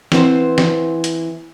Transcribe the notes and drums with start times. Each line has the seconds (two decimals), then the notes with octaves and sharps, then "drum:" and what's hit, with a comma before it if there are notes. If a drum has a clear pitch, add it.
0.12 E3 B3 C4 C5, drum: snare
0.58 drum: snare
1.04 drum: hi-hat